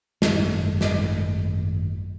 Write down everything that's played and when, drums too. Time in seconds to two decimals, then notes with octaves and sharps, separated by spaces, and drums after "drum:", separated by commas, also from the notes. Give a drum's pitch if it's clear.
0.22 G#1 F#2 A3, drum: snare
0.81 drum: snare